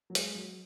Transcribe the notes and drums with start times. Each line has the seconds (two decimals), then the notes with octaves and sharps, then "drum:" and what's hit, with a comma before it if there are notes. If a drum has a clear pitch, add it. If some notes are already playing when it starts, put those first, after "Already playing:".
0.10 F#3
0.15 G#3, drum: hi-hat
0.35 F#3